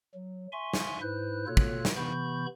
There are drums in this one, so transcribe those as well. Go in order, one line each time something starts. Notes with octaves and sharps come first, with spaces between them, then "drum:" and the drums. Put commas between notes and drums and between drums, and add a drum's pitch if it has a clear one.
F#3
E5 G#5 C6 C#6
drum: snare
G#2 E4 B4 C5 F#6
B2 A#3 F4 A4 C#5 F#6
drum: kick
drum: snare
C3 E3 B3 B5 C#6 G6